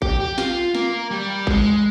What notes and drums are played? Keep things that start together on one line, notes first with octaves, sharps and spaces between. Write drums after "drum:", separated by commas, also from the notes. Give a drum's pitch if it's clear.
G4, drum: kick A1
G4
F4, drum: snare
A#3, drum: snare
G3
G#3, drum: kick A1